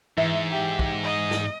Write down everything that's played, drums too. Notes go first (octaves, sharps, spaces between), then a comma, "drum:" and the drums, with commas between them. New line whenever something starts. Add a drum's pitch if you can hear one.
G#2 E3 E5
G4
drum: kick
D#5
drum: snare